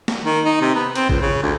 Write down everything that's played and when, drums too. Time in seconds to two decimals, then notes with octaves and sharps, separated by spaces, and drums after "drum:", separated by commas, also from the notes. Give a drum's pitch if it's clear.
0.08 drum: snare
0.25 D#3
0.45 D#4
0.61 C3
0.75 B3
0.95 C4, drum: hi-hat
1.10 C#2, drum: kick G#1
1.22 C#3
1.43 D2